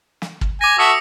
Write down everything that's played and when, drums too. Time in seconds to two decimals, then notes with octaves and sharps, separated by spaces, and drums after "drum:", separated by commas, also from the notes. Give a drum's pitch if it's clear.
0.22 drum: snare
0.41 drum: kick
0.61 G#5 D6 A#6
0.79 F#4 A4 E5 D#6 C#7